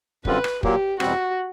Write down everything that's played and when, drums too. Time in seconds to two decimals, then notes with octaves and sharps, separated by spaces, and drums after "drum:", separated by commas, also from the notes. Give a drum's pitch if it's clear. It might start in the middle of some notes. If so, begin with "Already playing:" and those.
0.25 F#2 D3 G3 C4 F4 B4, drum: kick
0.44 drum: rim click
0.63 A#2 F#3 A#3 G4, drum: kick
1.00 E2 B2 G3 C4 F#4, drum: rim click